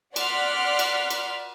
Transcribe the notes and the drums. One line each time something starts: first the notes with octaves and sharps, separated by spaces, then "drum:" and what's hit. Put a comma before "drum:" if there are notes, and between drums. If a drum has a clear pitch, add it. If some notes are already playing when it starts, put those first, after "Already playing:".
D5 F#5 C6 F6 F#6 B6, drum: cymbal
drum: cymbal
drum: cymbal